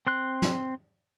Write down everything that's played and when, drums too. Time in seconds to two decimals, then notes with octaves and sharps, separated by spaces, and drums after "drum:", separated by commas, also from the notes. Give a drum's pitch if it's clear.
0.07 C4 C6 F#6
0.42 drum: snare